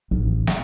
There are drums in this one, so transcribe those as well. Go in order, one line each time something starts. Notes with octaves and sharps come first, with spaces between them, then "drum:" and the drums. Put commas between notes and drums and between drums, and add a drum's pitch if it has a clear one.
A1
drum: snare